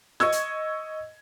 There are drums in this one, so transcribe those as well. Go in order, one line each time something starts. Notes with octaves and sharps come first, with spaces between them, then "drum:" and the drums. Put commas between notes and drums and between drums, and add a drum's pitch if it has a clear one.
D#5 C#6 E6 G#6, drum: snare
drum: hi-hat